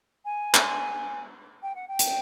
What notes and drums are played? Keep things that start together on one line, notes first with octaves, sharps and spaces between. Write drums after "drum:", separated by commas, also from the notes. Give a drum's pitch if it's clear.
G#5
drum: clap
G5
F#5
G5
drum: hi-hat